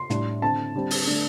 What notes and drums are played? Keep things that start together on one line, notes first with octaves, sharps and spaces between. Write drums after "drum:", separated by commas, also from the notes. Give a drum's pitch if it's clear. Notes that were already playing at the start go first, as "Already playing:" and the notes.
Already playing: C6
A2 G3 D4, drum: snare
D3 C4 A5
D3 G3 C4
drum: open hi-hat
D3 A3 D4